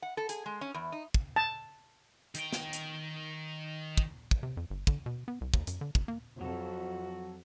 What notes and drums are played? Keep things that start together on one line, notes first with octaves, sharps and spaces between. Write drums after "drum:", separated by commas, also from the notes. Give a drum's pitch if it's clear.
F#5
A4
G#4, drum: hi-hat
G#3
C#4
E2
D#4
drum: kick
A5
D#3 G5, drum: hi-hat
drum: snare
drum: hi-hat
drum: kick
drum: kick
C3
F2
G1
D3, drum: kick
B2
B3
C2
D#2, drum: kick
F#2, drum: hi-hat
D3
F1, drum: kick
A#3
F2 F#3 F#4 A4